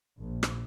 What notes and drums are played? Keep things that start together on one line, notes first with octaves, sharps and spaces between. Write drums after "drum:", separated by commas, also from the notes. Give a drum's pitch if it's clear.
A#1
drum: rim click